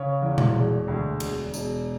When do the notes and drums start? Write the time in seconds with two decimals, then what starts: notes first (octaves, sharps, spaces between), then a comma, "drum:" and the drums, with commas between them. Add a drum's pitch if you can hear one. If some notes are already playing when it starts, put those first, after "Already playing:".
Already playing: C#3 C#5
0.22 E2
0.38 drum: tom A#2
0.54 E1
0.88 D2
1.20 E1, drum: cymbal
1.54 E1, drum: tambourine